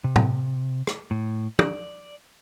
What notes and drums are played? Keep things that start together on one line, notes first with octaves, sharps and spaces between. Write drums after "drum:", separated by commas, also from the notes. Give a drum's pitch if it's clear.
C3
drum: tom A2
drum: rim click
A2
D5, drum: tom